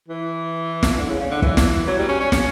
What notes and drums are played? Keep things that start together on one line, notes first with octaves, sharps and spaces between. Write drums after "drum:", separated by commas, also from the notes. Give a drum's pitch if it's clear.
E3
drum: snare
D3
C#3
C#3
D3
E3, drum: kick
drum: snare
F#3
G3
C#4
C#4
C#4, drum: snare